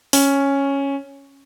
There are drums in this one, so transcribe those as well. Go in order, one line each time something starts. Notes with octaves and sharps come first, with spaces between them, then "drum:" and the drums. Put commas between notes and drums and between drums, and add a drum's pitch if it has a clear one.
C#4, drum: open hi-hat